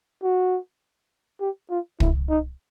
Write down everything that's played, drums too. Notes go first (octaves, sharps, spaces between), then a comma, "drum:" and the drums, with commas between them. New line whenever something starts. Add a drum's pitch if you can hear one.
F#4
G4
F4
E4, drum: kick
D#4